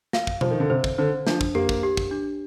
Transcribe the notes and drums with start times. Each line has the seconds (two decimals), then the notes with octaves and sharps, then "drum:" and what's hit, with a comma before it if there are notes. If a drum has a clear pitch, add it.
0.13 F5, drum: snare
0.27 drum: kick
0.41 F3 C5, drum: tom B2
0.50 D#3
0.60 D3
0.70 C3 C5
0.84 drum: kick
0.98 D3 C5
1.27 F3 D4, drum: snare
1.41 drum: kick
1.55 A#3 G4, drum: tom F2
1.69 drum: kick
1.83 G4
1.97 drum: kick
2.11 D4